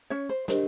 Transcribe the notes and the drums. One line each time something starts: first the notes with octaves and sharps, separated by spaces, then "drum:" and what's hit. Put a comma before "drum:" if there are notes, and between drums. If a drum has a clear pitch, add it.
C#4 C#5
C5
D4 G4 A#4 C5 D#5, drum: snare